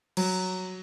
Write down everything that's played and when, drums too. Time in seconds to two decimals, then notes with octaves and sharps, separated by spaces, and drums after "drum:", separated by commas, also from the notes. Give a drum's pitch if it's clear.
0.17 F#3, drum: cymbal